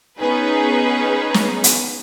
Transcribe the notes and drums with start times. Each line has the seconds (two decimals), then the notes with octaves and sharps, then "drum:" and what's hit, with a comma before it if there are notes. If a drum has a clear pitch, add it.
0.19 B3 C#4 D#4 G#4 B4
1.34 drum: snare
1.64 drum: hi-hat